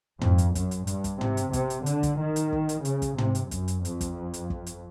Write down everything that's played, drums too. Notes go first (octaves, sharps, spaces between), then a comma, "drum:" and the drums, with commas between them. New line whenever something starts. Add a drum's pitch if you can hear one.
F2, drum: tom
drum: hi-hat
F#2, drum: kick, hi-hat
drum: hi-hat
G2, drum: hi-hat
drum: kick, hi-hat
C3, drum: tom
drum: hi-hat
C3, drum: kick, hi-hat
drum: hi-hat
D3, drum: hi-hat
drum: kick, hi-hat
D#3
drum: hi-hat
drum: kick
drum: hi-hat
C#3, drum: hi-hat
drum: kick, hi-hat
C3, drum: tom
drum: hi-hat
F#2, drum: kick, hi-hat
drum: hi-hat
F2, drum: hi-hat
drum: kick, hi-hat
drum: hi-hat
drum: kick
drum: hi-hat